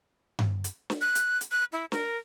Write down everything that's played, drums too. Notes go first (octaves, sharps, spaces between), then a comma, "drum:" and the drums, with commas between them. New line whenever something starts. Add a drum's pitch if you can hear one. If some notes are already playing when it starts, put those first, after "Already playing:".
drum: tom G2
drum: hi-hat
drum: snare
F#6
drum: hi-hat
drum: hi-hat
F#6
E4
A#4, drum: snare